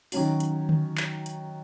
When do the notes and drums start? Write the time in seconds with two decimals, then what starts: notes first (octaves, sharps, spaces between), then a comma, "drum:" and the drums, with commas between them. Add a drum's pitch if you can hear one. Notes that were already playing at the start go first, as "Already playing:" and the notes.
0.12 D#3 F#3 C#4 F#4, drum: open hi-hat
0.40 drum: hi-hat
0.69 drum: tom D3
0.97 drum: clap
1.26 drum: hi-hat